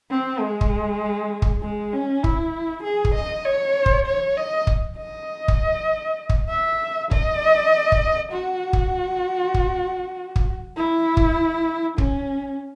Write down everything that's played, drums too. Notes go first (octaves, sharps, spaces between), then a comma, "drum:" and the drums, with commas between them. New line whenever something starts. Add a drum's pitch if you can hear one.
C4
G#3
drum: kick
drum: kick
G#3
C#4
E4, drum: kick
G#4
drum: kick
D#5
C#5
drum: kick
C#5
D#5
drum: kick
D#5
drum: kick
drum: kick
E5
D#5, drum: kick
drum: kick
F#4
drum: kick
drum: kick
drum: kick
E4
drum: kick
C#4, drum: kick